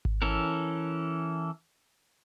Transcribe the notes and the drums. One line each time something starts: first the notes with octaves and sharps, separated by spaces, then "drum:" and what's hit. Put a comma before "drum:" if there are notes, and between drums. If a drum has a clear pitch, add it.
drum: kick G#1
E3 C#4 A4 A#4